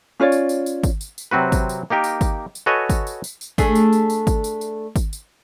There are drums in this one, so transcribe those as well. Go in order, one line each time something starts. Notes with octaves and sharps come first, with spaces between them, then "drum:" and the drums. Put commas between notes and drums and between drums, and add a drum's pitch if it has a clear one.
C#4 F4 C#5 D5
drum: tambourine
drum: tambourine
drum: tambourine
drum: kick G#1, tambourine
drum: tambourine
drum: tambourine
C3 F#3 C4 F#4 B4
drum: kick G#1, tambourine
drum: tambourine
A#3 D#4 G4 A#4
drum: tambourine
drum: kick G#1, tambourine
drum: tambourine
F#4 A4 B4 C#5 D#5 G#5
drum: kick G#1, tambourine
drum: tambourine
drum: tambourine
drum: tambourine
A3 D4 G#4, drum: kick G#1, tambourine
drum: tambourine
drum: tambourine
drum: tambourine
drum: kick G#1, tambourine
drum: tambourine
drum: tambourine
drum: kick G#1, tambourine
drum: tambourine